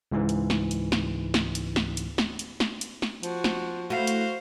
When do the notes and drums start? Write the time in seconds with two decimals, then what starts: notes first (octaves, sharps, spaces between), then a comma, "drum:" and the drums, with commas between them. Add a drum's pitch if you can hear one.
0.12 C#2 G#2 E3
0.29 drum: hi-hat
0.50 drum: snare
0.71 drum: hi-hat
0.92 drum: snare
1.34 drum: snare
1.55 drum: hi-hat
1.76 drum: snare
1.97 drum: hi-hat
2.18 drum: snare
2.39 drum: hi-hat
2.60 drum: snare
2.81 drum: hi-hat
3.02 drum: snare
3.23 F3 F#4, drum: hi-hat
3.44 drum: snare
3.90 A3 E4 F#4 C5 F5
4.07 drum: hi-hat